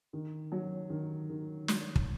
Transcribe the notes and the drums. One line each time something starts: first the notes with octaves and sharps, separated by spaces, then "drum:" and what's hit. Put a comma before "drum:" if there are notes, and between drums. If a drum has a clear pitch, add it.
D#3
F#3
D#3
D#3
F#3, drum: snare
drum: kick